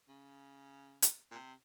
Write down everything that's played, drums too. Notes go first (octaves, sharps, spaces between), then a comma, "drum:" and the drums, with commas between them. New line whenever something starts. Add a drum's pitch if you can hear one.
C#3
drum: hi-hat
A#2
C3